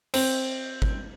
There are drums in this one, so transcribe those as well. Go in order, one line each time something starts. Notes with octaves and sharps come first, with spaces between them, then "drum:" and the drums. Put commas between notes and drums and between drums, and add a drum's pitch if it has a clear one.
C4, drum: cymbal
drum: kick G#1